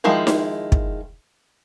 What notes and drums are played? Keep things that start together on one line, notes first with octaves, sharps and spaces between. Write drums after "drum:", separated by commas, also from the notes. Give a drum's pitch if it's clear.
D#3 F3 G#3 E4
drum: snare D#4
drum: kick